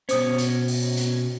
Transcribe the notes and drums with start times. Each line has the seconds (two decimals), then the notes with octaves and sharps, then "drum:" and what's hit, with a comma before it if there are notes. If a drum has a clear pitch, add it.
0.09 B2 C#4 C5 D#6, drum: hi-hat
0.38 drum: hi-hat
0.68 drum: open hi-hat
0.97 drum: hi-hat